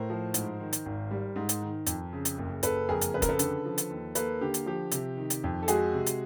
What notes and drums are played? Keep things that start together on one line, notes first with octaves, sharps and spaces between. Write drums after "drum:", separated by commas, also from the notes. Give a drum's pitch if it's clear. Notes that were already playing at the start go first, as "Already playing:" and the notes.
Already playing: A2 A#4 C5
F3
G#2, drum: hi-hat
D#3
drum: hi-hat
G#1
G3
G#2
drum: hi-hat
D#3
F2, drum: hi-hat
C#3
drum: hi-hat
F#1
F#1 A4 B4, drum: hi-hat
F2 G#4 A#4
drum: hi-hat
C#3 B4
A#4, drum: kick, hi-hat
A4 B4
D3, drum: hi-hat
F3
drum: hi-hat
D#2
A#3 A4 B4, drum: hi-hat
D3 G4
drum: hi-hat
F3 G4
C3, drum: hi-hat
D#3
drum: hi-hat
F2
A4
G#3 F#4 G#4, drum: hi-hat
C3
drum: hi-hat